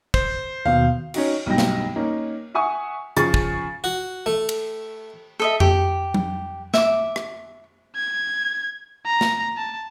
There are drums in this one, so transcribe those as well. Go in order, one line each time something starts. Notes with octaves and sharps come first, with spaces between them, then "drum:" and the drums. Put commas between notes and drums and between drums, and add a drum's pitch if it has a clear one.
C5, drum: kick
D#2 B2 F5
C#4 D#4 F#4, drum: cymbal
B1 G2 D#4 G5 A#6
drum: snare
A#3 C#4 D#4
E5 F#5 G#5 C#6 D#6
C#3 F3 G#4 G#5 C#6 A6, drum: hi-hat
drum: kick
F#4
A3
drum: cymbal
A4 D#5 E5
G4, drum: tom F2
drum: tom F#3
E5 D6, drum: snare
drum: rim click
G#6
A#5
drum: snare
A5